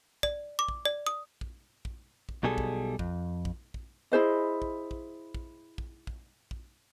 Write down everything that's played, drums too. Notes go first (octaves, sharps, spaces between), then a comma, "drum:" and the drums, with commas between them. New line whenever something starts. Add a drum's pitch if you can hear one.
D5, drum: kick
D6
drum: kick
D5
D#6
drum: kick
drum: kick
drum: kick
B1 B2 G3 G#4 A4
drum: kick
F2, drum: kick
drum: kick
drum: kick
E4 G#4 C5 D#5
drum: kick
drum: kick
drum: kick
drum: kick
drum: kick
drum: kick